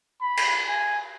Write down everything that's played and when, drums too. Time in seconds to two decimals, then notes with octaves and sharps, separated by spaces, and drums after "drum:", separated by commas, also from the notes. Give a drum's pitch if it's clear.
0.22 B5
0.37 drum: cymbal
0.68 G#5